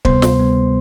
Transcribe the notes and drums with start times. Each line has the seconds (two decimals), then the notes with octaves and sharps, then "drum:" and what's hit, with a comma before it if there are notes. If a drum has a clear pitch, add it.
0.05 D2 C3 G3 B3 C5 C6, drum: kick
0.22 drum: snare
0.39 D2 C3 G3 B3